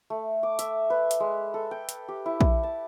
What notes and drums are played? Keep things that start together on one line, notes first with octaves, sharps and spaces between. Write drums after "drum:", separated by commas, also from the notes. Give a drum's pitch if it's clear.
A3
D6
E5, drum: hi-hat
B4
drum: hi-hat
G#3
A4
G5
drum: hi-hat
G4
E4
drum: kick A#1
A5